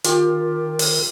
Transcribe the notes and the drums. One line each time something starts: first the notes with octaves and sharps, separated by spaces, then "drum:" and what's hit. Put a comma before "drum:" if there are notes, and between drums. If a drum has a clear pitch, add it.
D#3 F4 G4 A#4, drum: hi-hat
drum: open hi-hat